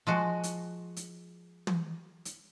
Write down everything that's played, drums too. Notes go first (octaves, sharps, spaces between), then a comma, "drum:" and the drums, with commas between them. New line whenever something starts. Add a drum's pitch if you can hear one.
F3 G#3 F#4
drum: hi-hat
drum: hi-hat
drum: tom
drum: hi-hat